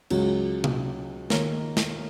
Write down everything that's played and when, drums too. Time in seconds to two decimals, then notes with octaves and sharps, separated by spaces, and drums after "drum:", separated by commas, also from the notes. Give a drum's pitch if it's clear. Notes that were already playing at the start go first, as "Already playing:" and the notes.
0.10 C#2 C#3 F#3 C#4, drum: cymbal
0.64 drum: tom C3
1.30 D#3 A#3 D#4 A#4 C#5, drum: snare
1.77 drum: snare